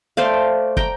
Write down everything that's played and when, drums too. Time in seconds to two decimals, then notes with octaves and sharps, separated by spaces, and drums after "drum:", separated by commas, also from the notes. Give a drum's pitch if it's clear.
0.17 A3 C5 D5 F5
0.77 G5 A#5, drum: kick